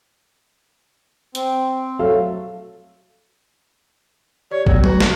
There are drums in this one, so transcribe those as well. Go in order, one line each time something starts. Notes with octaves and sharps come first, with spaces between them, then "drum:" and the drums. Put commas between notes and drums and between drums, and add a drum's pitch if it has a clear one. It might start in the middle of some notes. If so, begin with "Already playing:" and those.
C4, drum: hi-hat
F#3 A3 A4 F5
G4 C#5 D5
F#3 A3 B3 G#4, drum: kick
F#4 B4 A#5, drum: tom F#3
G#4, drum: snare